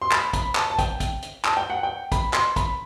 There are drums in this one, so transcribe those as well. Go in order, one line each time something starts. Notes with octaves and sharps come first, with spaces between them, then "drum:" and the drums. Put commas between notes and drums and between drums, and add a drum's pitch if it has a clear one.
C6
B5, drum: clap
B5, drum: kick, hi-hat
A5, drum: clap
A5
G5, drum: kick, hi-hat
drum: kick, hi-hat
drum: hi-hat
A5, drum: clap
G5
F#5
G5
B5, drum: kick, hi-hat
C6, drum: clap
B5, drum: kick, hi-hat